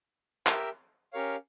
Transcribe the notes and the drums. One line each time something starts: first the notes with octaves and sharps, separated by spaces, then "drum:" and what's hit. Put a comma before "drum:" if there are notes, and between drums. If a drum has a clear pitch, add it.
G4 A#4 E5 G5, drum: clap
C#4 G4 A#4 C#5 F5